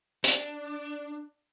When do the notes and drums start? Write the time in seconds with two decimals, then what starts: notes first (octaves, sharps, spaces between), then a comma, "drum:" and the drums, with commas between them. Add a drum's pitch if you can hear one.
0.24 D4, drum: hi-hat